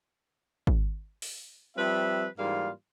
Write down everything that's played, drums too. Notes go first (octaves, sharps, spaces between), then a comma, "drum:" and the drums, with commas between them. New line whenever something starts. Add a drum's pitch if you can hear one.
drum: kick G#1
drum: open hi-hat
F3 G3 C4 B4 E5
G#2 E3 G3 A#3 F4 F5